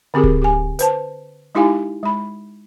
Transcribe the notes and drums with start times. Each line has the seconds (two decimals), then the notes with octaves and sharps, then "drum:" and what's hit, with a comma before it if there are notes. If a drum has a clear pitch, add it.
0.14 D3 C4 G4 G#4 A#4
0.24 drum: kick D1
0.42 G4 G#5
0.79 B4 C5 A5, drum: hi-hat
1.55 G#3 D#4 E4 G4 F5 G#5
2.03 G#3 B5